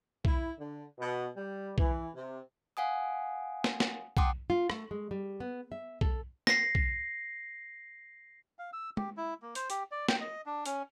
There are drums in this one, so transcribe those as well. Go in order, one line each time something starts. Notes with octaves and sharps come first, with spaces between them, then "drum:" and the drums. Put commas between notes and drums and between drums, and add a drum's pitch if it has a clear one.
E4, drum: kick B1
D3
B2
G3
E3, drum: kick B1
C3
F5 F#5 G#5 D#6
drum: snare
drum: snare
F#5 G5 A5 C6 D6 D#6, drum: kick B1
F4
A3, drum: rim click
G#3
G3
B3
E5
A4, drum: kick B1
A#6 C7, drum: snare
drum: kick B1
F5
E6
G4, drum: tom G#3
E4
A#3
C5, drum: hi-hat
G4, drum: hi-hat
D5
G5, drum: snare
D#5
D4
C#4, drum: hi-hat